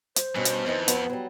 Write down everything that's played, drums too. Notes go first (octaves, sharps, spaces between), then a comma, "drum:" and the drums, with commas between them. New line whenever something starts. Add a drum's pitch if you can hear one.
C5, drum: hi-hat
G2 B2 C#4
drum: hi-hat
F2 D#3 E3 D#4
B3 F#4 B4, drum: hi-hat
F#3 G3